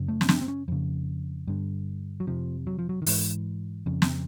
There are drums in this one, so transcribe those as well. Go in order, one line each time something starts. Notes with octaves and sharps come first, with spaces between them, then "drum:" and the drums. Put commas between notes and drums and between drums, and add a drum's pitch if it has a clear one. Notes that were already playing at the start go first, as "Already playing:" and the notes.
Already playing: F#2 C#3
A3
C#4, drum: snare
D4, drum: snare
C4
C#4
F2 C#3
G2 D3
F#3
F2 C3 F3
F#3
F3
F#3
D#3
G#2 E3, drum: open hi-hat
F2 C#3
drum: snare